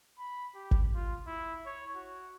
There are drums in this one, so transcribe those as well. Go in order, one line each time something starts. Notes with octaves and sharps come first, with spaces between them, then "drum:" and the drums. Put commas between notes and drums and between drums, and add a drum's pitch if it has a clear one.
B5
G4
drum: kick G#1
F4
E4
C#5
F#4